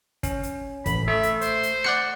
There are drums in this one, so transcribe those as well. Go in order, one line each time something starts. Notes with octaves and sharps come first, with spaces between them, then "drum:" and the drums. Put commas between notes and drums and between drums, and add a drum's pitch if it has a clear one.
C#4, drum: kick, hi-hat
drum: hi-hat
A1 B5, drum: kick, hi-hat
A3 E5
drum: hi-hat
C5, drum: hi-hat
drum: hi-hat
D5 F#5 C#7, drum: rim click